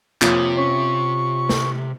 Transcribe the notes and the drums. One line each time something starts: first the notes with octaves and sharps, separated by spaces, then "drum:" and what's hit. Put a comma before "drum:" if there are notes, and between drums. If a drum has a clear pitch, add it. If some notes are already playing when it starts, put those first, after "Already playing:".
F2 C3 A#3 F4 C#5 D#6, drum: clap
C#4 C#6
drum: snare